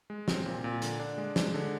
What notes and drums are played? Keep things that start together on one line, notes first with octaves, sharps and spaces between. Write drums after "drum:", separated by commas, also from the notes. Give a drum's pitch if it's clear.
G#3
C4, drum: snare
A#2
A#2
D3, drum: hi-hat
D4
G#3
G#3, drum: snare
D3